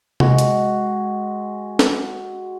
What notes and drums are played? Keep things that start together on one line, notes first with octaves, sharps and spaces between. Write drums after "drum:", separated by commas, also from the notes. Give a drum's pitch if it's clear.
G#3 F#4, drum: tom C3
drum: hi-hat
drum: snare